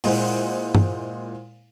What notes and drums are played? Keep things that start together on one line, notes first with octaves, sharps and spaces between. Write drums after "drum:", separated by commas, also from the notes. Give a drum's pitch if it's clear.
A#2 G#3 E4 C5 F#5, drum: open hi-hat
drum: tom